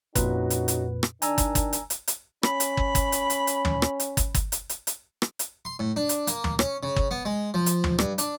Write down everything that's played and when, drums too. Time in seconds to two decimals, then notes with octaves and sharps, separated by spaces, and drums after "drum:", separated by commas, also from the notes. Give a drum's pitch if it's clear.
0.15 F2 A#2 C#4 D#4 F#4 B4, drum: kick, hi-hat
0.50 drum: hi-hat
0.68 drum: hi-hat
1.03 drum: rim click
1.22 D#3 D4 G#5 A#5 E6, drum: hi-hat
1.38 drum: kick, hi-hat
1.55 drum: kick, hi-hat
1.73 drum: hi-hat
1.90 drum: hi-hat
2.07 drum: hi-hat
2.43 C#4 B5, drum: rim click
2.60 drum: hi-hat
2.77 drum: kick
2.95 drum: kick, hi-hat
3.12 drum: hi-hat
3.30 drum: hi-hat
3.47 drum: hi-hat
3.65 drum: tom
3.82 drum: rim click
4.00 drum: hi-hat
4.17 drum: kick, hi-hat
4.34 drum: kick, hi-hat
4.52 drum: hi-hat
4.69 drum: hi-hat
4.87 drum: hi-hat
5.22 drum: rim click
5.39 drum: hi-hat
5.65 C6
5.79 A2
5.96 D4
6.09 drum: hi-hat
6.27 A#3, drum: hi-hat
6.44 drum: tom
6.59 C#4, drum: rim click
6.83 C#3
6.96 drum: kick
7.11 B3
7.25 G#3
7.54 F3
7.66 drum: hi-hat
7.84 drum: tom
7.99 G2, drum: rim click
8.18 D4, drum: hi-hat